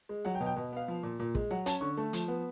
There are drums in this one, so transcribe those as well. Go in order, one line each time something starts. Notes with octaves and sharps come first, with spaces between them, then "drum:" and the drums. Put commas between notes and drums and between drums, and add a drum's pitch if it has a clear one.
G#3
F#3 F#5
G5
B2
G5
B2
B3 F5
F3
A#2
A#2
G#3, drum: kick
F#3 F#5
C#4 A5, drum: hi-hat
D3 C#6
A3
F3, drum: hi-hat
B3